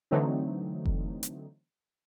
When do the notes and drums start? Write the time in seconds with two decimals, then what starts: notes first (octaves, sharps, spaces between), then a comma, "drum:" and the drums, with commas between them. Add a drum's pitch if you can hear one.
0.11 D3 E3 F#3 A3 C4 D#4
0.85 drum: kick F1
1.23 drum: hi-hat